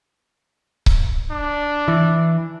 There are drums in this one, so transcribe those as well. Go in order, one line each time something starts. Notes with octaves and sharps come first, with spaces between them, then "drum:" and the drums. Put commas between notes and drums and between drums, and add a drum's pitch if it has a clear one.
drum: kick C#1
D4
E3